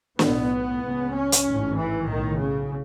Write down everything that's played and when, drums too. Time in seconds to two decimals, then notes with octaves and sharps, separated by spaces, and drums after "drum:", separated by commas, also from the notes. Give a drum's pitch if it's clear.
0.19 B1 A2 B3, drum: snare
0.81 C#2 C#3
1.12 C#4
1.32 drum: hi-hat
1.44 A1 G#2
1.74 E3
2.05 B1 A2 D#3
2.36 C#3